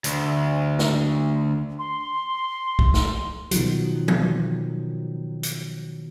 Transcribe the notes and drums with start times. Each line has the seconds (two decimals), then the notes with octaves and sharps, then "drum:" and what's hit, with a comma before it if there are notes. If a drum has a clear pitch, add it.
0.04 D2, drum: hi-hat
0.79 drum: snare
1.79 C6
2.79 drum: kick
2.94 drum: snare
3.51 B2 D#3 F3 F#3, drum: hi-hat
4.08 drum: tom E3
5.43 drum: hi-hat